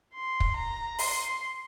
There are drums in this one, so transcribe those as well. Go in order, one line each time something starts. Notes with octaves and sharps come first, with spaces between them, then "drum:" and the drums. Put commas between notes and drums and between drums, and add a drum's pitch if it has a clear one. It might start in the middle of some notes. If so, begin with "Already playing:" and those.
C6
drum: kick
A#5
C6, drum: open hi-hat